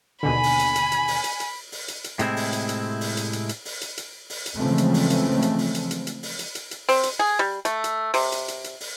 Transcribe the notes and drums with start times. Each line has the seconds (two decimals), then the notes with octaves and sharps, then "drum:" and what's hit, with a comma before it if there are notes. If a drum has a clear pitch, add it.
0.23 D#2 B2 D3 G#5 B5
0.43 drum: open hi-hat
0.59 drum: hi-hat
0.76 drum: hi-hat
0.92 drum: hi-hat
1.08 drum: open hi-hat
1.24 drum: hi-hat
1.40 drum: hi-hat
1.72 drum: open hi-hat
1.88 drum: hi-hat
2.04 drum: hi-hat
2.19 A2 C3 G#3 C4 E4, drum: hi-hat
2.37 drum: open hi-hat
2.53 drum: hi-hat
2.69 drum: hi-hat
3.01 drum: open hi-hat
3.17 drum: hi-hat
3.33 drum: hi-hat
3.49 drum: hi-hat
3.65 drum: open hi-hat
3.81 drum: hi-hat
3.97 drum: hi-hat
4.30 drum: open hi-hat
4.46 drum: hi-hat
4.55 C#3 E3 F3 G#3 A3 C4
4.78 drum: hi-hat
4.94 drum: open hi-hat
5.10 drum: hi-hat
5.42 drum: hi-hat
5.58 drum: open hi-hat
5.75 drum: hi-hat
5.91 drum: hi-hat
6.07 drum: hi-hat
6.23 drum: open hi-hat
6.39 drum: hi-hat
6.55 drum: hi-hat
6.71 drum: hi-hat
6.89 C4, drum: open hi-hat
7.03 drum: hi-hat
7.19 G#4
7.39 G3
7.65 A3, drum: hi-hat
7.84 drum: hi-hat
8.14 C3, drum: open hi-hat
8.32 drum: hi-hat
8.48 drum: hi-hat
8.64 drum: hi-hat
8.80 drum: open hi-hat